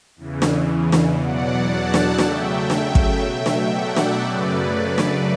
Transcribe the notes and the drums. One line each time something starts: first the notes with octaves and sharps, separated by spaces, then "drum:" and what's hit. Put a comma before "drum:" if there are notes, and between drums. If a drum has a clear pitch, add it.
E2 C#3 E3
drum: snare
drum: snare
E2 B2 F#3 D5 F#5
F#5 A5
drum: snare
C#3 F#3 A3 E5 G5, drum: snare
drum: snare
drum: kick
B2 F#3 A3 E5 G5
drum: snare
D5 F#5
drum: snare
F#2 C#3 F#3 A3 B4 D5
drum: snare